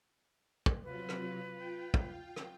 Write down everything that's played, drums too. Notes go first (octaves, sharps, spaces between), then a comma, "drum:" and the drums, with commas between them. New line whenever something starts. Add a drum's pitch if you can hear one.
drum: kick
C3 F#3 F4 B4
drum: rim click
F4 G5
drum: kick
drum: rim click